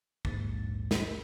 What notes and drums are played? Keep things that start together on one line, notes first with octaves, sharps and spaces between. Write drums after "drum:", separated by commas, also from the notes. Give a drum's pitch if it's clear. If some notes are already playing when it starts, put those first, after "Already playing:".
A#1 D#2 G#2 A6, drum: kick
A#4, drum: snare